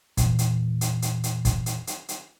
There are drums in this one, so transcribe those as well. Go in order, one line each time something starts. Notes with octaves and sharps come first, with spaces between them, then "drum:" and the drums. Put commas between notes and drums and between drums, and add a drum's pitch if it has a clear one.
E2 A#2 E3, drum: kick, hi-hat
drum: hi-hat
drum: hi-hat
drum: hi-hat
drum: hi-hat
drum: kick, hi-hat
drum: hi-hat
drum: hi-hat
drum: hi-hat